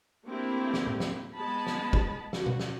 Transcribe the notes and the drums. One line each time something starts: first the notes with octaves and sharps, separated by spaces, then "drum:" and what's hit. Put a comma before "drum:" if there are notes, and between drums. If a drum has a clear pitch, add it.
A3 A#3 C4 D4 E4 G4
drum: snare
drum: tom A2
drum: snare
G#3 B3 A5 B5
drum: snare
drum: kick
F#4, drum: snare
drum: tom
drum: snare